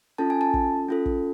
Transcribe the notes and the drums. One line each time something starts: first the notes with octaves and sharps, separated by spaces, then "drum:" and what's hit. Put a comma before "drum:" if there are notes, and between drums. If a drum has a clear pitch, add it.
C#4 F4 A4 A5
G#5
A5
drum: kick
C#4 F4 A4
drum: kick